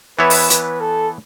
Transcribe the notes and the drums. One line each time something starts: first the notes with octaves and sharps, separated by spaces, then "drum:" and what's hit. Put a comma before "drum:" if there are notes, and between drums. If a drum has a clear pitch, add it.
E3 B3 E4 B4 C#5 E5
drum: open hi-hat
B4, drum: hi-hat
A4